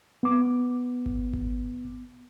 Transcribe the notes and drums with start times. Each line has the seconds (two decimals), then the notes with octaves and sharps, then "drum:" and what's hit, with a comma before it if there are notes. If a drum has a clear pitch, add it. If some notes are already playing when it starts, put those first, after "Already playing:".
0.23 B3 D6
1.06 drum: kick G#1
1.33 drum: kick G#1